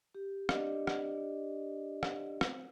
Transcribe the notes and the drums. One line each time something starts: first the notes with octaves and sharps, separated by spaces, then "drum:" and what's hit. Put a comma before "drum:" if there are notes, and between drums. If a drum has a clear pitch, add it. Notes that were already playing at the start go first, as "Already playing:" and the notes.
G4
D4 G4 D5 D#5, drum: rim click
drum: rim click
drum: rim click
drum: rim click